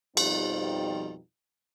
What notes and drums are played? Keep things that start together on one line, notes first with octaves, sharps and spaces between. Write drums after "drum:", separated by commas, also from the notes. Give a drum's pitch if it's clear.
F2 B2 F3 G3 C4 D#4, drum: cymbal